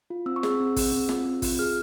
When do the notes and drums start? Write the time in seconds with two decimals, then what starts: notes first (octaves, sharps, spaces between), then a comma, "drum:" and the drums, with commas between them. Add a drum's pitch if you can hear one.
0.10 F4
0.26 C4 E6
0.36 C#6
0.43 G#4 E6, drum: snare
0.60 C4
0.76 G#4, drum: kick, open hi-hat
0.92 C4
1.09 F4, drum: snare
1.25 C4
1.42 F4, drum: kick, open hi-hat
1.59 G#4 F6